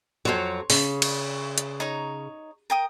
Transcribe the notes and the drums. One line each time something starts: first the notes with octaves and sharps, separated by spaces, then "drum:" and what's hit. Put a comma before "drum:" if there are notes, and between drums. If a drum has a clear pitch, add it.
F2 F#3 C#5 C6
C#3, drum: open hi-hat
drum: cymbal
drum: hi-hat
D#4 C#5 A#5
A#4 G5 D#6